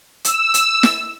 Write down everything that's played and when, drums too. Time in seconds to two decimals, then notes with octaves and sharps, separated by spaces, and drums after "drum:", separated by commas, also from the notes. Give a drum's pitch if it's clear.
0.25 E6, drum: hi-hat
0.54 drum: hi-hat
0.83 drum: snare